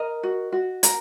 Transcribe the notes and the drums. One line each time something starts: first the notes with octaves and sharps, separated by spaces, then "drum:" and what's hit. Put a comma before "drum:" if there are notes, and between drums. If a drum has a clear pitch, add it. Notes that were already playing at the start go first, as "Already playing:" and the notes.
Already playing: A#4 D#5
F#4
F#4
A#4, drum: hi-hat